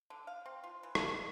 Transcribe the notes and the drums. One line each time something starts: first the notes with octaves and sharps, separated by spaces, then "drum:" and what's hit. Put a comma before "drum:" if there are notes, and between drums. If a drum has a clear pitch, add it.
D3
F5
C4
F4
E3
E4, drum: rim click
D#4